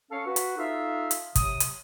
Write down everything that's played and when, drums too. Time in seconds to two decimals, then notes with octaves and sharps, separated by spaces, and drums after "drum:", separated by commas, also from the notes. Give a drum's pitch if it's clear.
0.11 C#4 A4 C#5 F5
0.26 F#4 B4
0.36 drum: hi-hat
0.57 D#4 F4 A4 E5 F5
1.11 drum: hi-hat
1.35 C3 F#3 D#6, drum: kick, hi-hat
1.60 drum: hi-hat